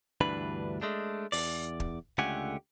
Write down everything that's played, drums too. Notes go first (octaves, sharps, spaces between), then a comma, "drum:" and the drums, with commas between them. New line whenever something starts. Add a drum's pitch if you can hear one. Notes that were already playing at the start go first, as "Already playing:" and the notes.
D2 G2 E3 D4 B4 B5
G#3 A3 D4
E2 D5, drum: open hi-hat
drum: kick
C#2 D3 A3 G4 F#5 G#5